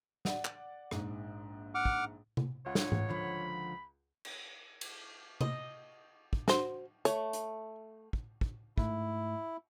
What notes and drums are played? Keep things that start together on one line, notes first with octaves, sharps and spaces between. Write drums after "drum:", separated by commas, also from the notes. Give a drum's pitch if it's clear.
D5 F#5, drum: snare
drum: clap
A#1 G#2, drum: rim click
F#5 D6 F6
drum: kick
drum: tom C3
C#2 F4 C#5 F#5
drum: snare
drum: tom G#2
D3 F3 B5
drum: cymbal
drum: cymbal
D#5, drum: tom C3
drum: kick
F#4 C5, drum: snare
A3 C#5, drum: hi-hat
drum: hi-hat
drum: kick
drum: kick
G#2 A3 E4, drum: kick